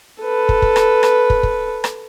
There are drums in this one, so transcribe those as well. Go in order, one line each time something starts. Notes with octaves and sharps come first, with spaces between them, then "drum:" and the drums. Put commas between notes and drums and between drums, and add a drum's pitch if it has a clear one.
A4 B4
drum: kick
drum: kick
drum: rim click
drum: rim click
drum: kick
drum: kick
drum: rim click